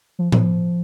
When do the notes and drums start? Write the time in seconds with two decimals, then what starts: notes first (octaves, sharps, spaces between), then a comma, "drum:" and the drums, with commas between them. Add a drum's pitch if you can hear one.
0.19 F3
0.32 F3, drum: tom A2